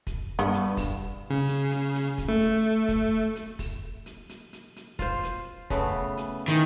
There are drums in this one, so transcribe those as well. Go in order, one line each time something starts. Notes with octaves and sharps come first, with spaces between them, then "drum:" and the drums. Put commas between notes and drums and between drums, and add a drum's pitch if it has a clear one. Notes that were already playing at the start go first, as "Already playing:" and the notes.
drum: kick, hi-hat
G2 B3
drum: hi-hat
drum: kick, open hi-hat
C#3
drum: hi-hat
drum: hi-hat
drum: hi-hat
drum: kick, hi-hat
A3
drum: hi-hat
drum: kick, hi-hat
drum: hi-hat
drum: kick, open hi-hat
drum: hi-hat
drum: hi-hat
drum: hi-hat
drum: hi-hat
F4 C5, drum: kick, hi-hat
drum: hi-hat
C#3 A3 B3, drum: kick, hi-hat
drum: hi-hat
D#3 E3